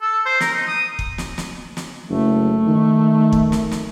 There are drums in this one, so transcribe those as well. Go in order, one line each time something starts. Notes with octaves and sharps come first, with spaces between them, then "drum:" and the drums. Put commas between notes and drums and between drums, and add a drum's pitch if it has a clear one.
A4
C5
A#4, drum: snare
D#4
D#6
drum: kick
drum: snare
drum: snare
drum: snare
F#1 A3
D#3
drum: kick
drum: snare
drum: snare